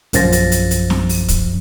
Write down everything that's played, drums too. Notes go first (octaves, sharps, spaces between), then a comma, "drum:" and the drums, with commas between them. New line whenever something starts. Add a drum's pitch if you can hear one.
A#1 F#2 F3 A6 A#6, drum: hi-hat
drum: hi-hat
drum: hi-hat
drum: hi-hat
drum: snare
drum: open hi-hat
drum: kick, hi-hat